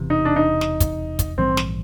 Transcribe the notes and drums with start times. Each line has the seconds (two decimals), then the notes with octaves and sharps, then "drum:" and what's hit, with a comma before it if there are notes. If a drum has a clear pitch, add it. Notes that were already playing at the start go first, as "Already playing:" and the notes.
Already playing: E1 E2 C3 E3
0.10 D#4
0.25 D4
0.36 D#4
0.61 drum: snare
0.80 drum: kick, hi-hat
1.19 drum: kick, hi-hat
1.37 A#1 G#2 E3 G3 C4
1.57 drum: snare